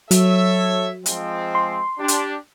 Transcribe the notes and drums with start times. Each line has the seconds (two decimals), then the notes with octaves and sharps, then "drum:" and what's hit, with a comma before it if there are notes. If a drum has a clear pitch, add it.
0.11 F#3 A4 C#5 E5, drum: hi-hat
1.06 F3 G#3 C4, drum: hi-hat
1.55 C6
1.99 D4 G4
2.08 drum: hi-hat